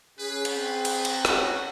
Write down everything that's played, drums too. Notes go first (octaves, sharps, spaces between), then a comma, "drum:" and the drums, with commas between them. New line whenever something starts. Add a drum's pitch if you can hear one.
C#4 G#4 B4
drum: cymbal
C4 B4
drum: cymbal
drum: cymbal
C#3 F#4, drum: rim click